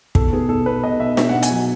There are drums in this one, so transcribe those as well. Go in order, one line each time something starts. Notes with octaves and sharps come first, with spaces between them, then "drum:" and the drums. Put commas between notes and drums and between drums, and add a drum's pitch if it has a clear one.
B2 A4, drum: kick
B3 G#4
B2 A4
B2 B4
B2 D#5
B2 E5
B2 E5, drum: snare D4
B2 F#5
G#5, drum: hi-hat
F#3